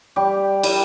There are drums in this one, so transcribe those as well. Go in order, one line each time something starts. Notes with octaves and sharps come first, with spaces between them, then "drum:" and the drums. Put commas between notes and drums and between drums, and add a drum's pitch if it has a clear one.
G3 G4
G3, drum: cymbal